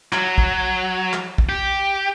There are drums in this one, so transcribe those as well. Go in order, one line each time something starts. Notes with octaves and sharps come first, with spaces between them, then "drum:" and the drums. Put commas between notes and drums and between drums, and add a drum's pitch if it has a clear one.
F#3, drum: clap
drum: kick
drum: clap
drum: kick
G4